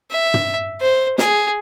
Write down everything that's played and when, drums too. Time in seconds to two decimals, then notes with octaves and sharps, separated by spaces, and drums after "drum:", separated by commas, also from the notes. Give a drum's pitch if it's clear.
0.11 E5
0.34 drum: tom
0.81 C5
1.18 G#4, drum: snare